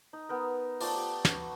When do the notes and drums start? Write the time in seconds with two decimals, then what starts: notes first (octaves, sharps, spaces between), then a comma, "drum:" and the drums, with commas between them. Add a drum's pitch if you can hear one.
0.13 D#4
0.29 B3 D#4 A#4
0.80 F3 A3 D5 A5, drum: open hi-hat
0.96 G4
1.25 F#4, drum: snare